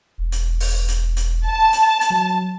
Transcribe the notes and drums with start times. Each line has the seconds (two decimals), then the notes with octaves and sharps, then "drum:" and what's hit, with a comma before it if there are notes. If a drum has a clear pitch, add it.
0.18 E1
0.32 drum: hi-hat
0.60 drum: open hi-hat
0.88 drum: hi-hat
1.17 drum: hi-hat
1.46 A5
1.73 drum: hi-hat
2.01 drum: hi-hat
2.10 F#3